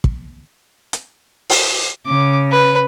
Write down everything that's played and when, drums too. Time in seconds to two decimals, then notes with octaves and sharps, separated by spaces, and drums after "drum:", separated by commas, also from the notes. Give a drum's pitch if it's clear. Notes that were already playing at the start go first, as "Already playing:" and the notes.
0.04 drum: kick
0.93 drum: hi-hat
1.50 drum: open hi-hat
2.06 C#3 D6
2.51 B4